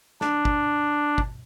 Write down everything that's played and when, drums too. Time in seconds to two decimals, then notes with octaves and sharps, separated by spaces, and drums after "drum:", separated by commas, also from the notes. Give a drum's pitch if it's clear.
0.21 D4, drum: snare
0.45 drum: kick
1.18 drum: kick